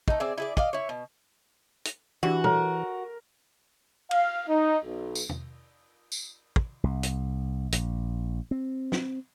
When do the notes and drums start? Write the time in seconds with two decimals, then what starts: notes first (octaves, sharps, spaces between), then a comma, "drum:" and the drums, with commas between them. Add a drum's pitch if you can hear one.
0.08 A3 D#4, drum: kick
0.20 C4 G#4 D5 E5
0.38 E4 G#4 D5
0.57 D5 D#5 F5, drum: kick
0.73 E4 C#5
0.89 B2
1.85 drum: hi-hat
2.23 E3 D4 F#4 G4
2.44 A4 A#4 C#5, drum: tom
4.11 F5, drum: cymbal
4.48 D#4
4.84 B1
5.15 drum: tambourine
5.29 drum: tom
6.12 drum: tambourine
6.56 drum: kick
6.84 C2
7.03 drum: hi-hat
7.72 A#1, drum: hi-hat
8.51 C4
8.92 drum: snare